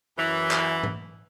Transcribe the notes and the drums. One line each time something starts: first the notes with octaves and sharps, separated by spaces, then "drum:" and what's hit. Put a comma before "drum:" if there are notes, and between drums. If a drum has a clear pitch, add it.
F#2 E3
drum: clap
drum: tom G#2